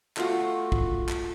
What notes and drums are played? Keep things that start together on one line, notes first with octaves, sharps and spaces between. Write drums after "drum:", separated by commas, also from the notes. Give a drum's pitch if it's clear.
A3 F4 F#4, drum: clap
drum: kick
drum: clap